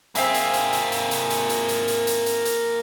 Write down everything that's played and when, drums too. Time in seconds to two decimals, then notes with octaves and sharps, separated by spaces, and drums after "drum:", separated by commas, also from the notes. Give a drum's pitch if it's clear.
0.15 A#3 C4 G#4 E5 F5, drum: hi-hat
0.34 drum: hi-hat
0.53 drum: hi-hat
0.73 drum: hi-hat
0.92 drum: hi-hat
1.11 drum: hi-hat
1.30 drum: hi-hat
1.49 drum: hi-hat
1.69 drum: hi-hat
1.88 drum: hi-hat
2.07 drum: hi-hat
2.26 drum: hi-hat
2.45 drum: hi-hat